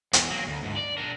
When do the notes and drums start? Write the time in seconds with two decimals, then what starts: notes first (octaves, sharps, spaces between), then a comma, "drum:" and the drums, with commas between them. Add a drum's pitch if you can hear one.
0.13 E2, drum: hi-hat
0.31 F#3 A#3
0.47 D2
0.63 D2 G#2
0.77 D5
0.98 D4 A#4